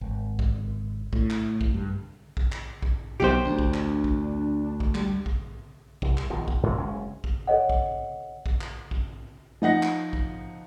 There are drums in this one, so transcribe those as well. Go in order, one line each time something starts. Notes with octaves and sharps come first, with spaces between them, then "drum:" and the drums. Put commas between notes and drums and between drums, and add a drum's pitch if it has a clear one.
G#1
drum: kick A#1
A2, drum: kick A#1
drum: clap
drum: kick A#1
G2
drum: kick A#1
drum: clap
drum: kick A#1
B1 B2 G4 C5
D2 D4
drum: kick A#1
drum: clap
drum: kick A#1
drum: kick A#1
G3, drum: clap
drum: kick A#1
C2, drum: kick A#1
drum: clap
A#1 B2 D#3 F3
drum: kick A#1
G2 A#2 G#3
F#1 G#3 C#4
drum: kick A#1
A4 C#5 D#5 F#5
drum: kick A#1
drum: kick A#1
drum: clap
drum: kick A#1
F3 D#4 F#5 A#6
drum: clap
drum: kick A#1